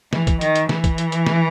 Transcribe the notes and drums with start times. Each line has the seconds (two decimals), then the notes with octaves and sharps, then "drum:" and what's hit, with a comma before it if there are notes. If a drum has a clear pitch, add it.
0.13 E3, drum: snare
0.27 drum: kick, hi-hat
0.41 D#3, drum: hi-hat
0.56 drum: hi-hat
0.69 E3, drum: snare
0.84 drum: kick, hi-hat
0.98 drum: hi-hat
1.12 drum: hi-hat
1.27 drum: snare